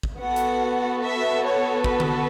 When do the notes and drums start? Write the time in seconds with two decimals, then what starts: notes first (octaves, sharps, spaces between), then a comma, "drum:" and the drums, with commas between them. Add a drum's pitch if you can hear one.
0.03 drum: kick
0.20 B3 F#4 A4 F#5
0.36 drum: hi-hat
1.02 E5
1.44 C#5
1.84 B4, drum: kick
2.00 drum: tom D3